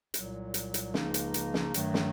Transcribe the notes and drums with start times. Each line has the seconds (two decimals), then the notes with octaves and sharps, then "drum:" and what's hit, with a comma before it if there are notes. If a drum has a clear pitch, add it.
0.14 C2 A#2 F#3, drum: hi-hat
0.54 drum: hi-hat
0.74 drum: hi-hat
0.94 C#2 C#3 F3 A#3 D#4, drum: snare
1.14 drum: hi-hat
1.34 drum: hi-hat
1.54 drum: snare
1.74 G2 D#3 F#3 A3, drum: hi-hat
1.94 drum: snare